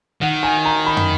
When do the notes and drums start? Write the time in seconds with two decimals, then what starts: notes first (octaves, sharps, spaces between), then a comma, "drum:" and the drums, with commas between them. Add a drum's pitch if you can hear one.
0.21 D#3 F#5
0.43 G#5
0.65 A#5
0.86 B5
0.97 drum: tom